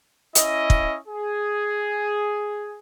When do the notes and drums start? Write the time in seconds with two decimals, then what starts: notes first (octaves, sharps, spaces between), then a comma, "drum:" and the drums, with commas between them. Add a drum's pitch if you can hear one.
0.35 C#4 E4 D#5, drum: hi-hat
0.70 drum: kick
1.07 G#4